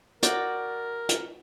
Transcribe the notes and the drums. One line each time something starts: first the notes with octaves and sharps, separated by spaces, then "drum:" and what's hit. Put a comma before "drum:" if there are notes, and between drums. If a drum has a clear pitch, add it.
F#4 A#4 D5 G5, drum: hi-hat
drum: hi-hat